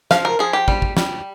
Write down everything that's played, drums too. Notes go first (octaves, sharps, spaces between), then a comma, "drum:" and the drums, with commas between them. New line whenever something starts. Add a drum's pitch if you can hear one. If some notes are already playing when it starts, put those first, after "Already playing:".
F3 F5, drum: snare
A#4
F3 G#4
G4
G3, drum: kick
drum: kick
G3, drum: snare